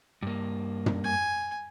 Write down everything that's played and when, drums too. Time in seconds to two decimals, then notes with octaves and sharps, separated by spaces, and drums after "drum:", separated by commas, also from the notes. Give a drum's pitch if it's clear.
0.22 G2 A#3
0.86 drum: tom
1.04 G#5